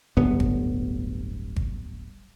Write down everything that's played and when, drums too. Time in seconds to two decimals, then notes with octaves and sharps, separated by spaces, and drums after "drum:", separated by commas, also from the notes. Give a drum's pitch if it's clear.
0.17 D1 G1 G2 B3
0.40 drum: kick G#1
1.56 drum: kick G#1